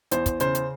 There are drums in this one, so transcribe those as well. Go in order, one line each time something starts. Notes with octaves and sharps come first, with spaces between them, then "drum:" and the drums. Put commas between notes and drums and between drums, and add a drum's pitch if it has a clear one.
E2 C5, drum: hi-hat
drum: kick, hi-hat
C#3 C5, drum: hi-hat
drum: hi-hat